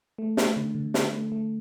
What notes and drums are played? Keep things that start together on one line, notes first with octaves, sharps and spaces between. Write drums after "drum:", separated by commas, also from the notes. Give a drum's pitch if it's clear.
A3
A3, drum: snare
D3
D3
D3, drum: snare
A3
A3